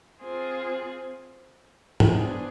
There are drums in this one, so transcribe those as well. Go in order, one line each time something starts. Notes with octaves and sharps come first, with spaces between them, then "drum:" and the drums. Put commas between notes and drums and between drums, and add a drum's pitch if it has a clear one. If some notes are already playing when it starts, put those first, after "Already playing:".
C4 F4 G#4 C5
drum: tom G#2
B3 D4 G#4 C5